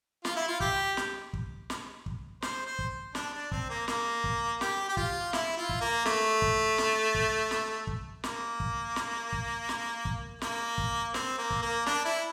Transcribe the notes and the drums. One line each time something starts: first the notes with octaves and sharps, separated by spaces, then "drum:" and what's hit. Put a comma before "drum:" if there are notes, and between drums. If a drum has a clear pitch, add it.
F4, drum: snare
E4
F4
G4, drum: kick
drum: snare
drum: kick
drum: snare
drum: kick
C5, drum: snare
C5
drum: kick
D4, drum: snare
D4
C4, drum: kick
A#3
A#3, drum: snare
drum: kick
G4, drum: snare
G4
F4, drum: kick
E4, drum: snare
F4
drum: kick
A#3
A3, drum: snare
drum: kick
drum: snare
drum: kick
drum: snare
drum: kick
A#3, drum: snare
drum: kick
drum: snare
drum: kick
drum: snare
drum: kick
A#3, drum: snare
drum: kick
C4, drum: snare
A#3
drum: kick
A#3
D4, drum: snare
E4